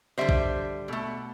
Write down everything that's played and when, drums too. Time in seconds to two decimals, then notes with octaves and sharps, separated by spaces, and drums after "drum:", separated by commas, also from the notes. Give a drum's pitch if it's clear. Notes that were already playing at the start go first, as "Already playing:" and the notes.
0.18 D3 G3 C5 E5
0.29 drum: kick
0.88 B2 A3